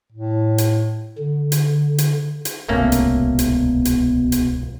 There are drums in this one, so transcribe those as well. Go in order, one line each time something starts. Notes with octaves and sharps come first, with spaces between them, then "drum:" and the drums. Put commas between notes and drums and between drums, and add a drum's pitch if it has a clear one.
A2
drum: hi-hat
D3
drum: hi-hat
drum: hi-hat
drum: hi-hat
D1 C2 G#2 B2 A3 A#3 C#4
drum: hi-hat
drum: hi-hat
drum: hi-hat
drum: hi-hat